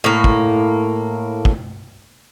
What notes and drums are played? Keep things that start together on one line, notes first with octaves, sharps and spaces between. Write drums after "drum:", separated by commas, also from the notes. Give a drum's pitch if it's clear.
A2 A#3
drum: kick
drum: kick